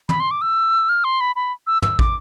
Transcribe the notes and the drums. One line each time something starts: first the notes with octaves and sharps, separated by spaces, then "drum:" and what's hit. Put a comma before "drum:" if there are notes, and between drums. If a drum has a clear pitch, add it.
B5, drum: tom
C6
D6
E6
F6
C6
B5
B5
E6
E6, drum: tom
D6, drum: kick